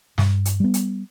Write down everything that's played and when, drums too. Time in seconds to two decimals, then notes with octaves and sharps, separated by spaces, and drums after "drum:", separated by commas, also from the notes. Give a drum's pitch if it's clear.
0.18 G2, drum: snare
0.45 drum: hi-hat
0.60 G3 B3
0.74 drum: hi-hat